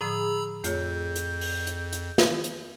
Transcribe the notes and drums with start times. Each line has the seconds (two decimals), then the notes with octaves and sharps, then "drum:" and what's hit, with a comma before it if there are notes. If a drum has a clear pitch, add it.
0.01 A2 D3 F3 G#4 A#5 B5 E6
0.64 F2 A3 F4 C#5 G6, drum: hi-hat
1.15 drum: hi-hat
1.41 drum: open hi-hat
1.67 drum: hi-hat
1.92 drum: hi-hat
2.18 drum: snare
2.44 drum: hi-hat